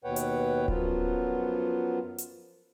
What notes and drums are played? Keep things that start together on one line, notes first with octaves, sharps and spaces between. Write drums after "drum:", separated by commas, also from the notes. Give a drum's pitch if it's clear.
D#2 B2 B4 C#5 F#5 G5
drum: hi-hat
F#2 F3 F#3 B3 F4, drum: kick D1
drum: hi-hat